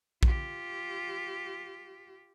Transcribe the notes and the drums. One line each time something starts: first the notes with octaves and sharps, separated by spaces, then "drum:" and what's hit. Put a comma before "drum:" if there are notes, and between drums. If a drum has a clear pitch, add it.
F4 G4, drum: kick A#1